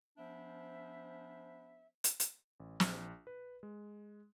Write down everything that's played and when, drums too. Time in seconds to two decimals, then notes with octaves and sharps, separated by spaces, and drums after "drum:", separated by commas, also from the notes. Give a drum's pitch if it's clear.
0.18 F3 B3 C#4 D4 C5 E5
2.04 drum: hi-hat
2.20 drum: hi-hat
2.60 A1
2.80 A#1, drum: snare
3.27 B4
3.63 G#3